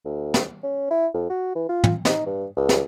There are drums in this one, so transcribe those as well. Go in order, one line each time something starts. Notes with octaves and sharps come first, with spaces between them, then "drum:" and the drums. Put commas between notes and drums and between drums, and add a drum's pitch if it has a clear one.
D2
drum: snare
C#4
E4
F2
F#4
E3
F4
drum: tom
D#4, drum: snare
G2
C#2
drum: snare